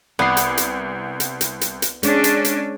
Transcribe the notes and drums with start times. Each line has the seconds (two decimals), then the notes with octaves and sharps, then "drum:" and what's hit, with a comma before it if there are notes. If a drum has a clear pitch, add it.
0.19 C2 B3 D5 F#5 C7
0.37 drum: hi-hat
0.57 drum: hi-hat
1.20 drum: hi-hat
1.41 drum: hi-hat
1.61 drum: hi-hat
1.82 drum: hi-hat
2.03 G#3 C#4 D4, drum: hi-hat
2.24 drum: hi-hat
2.45 drum: hi-hat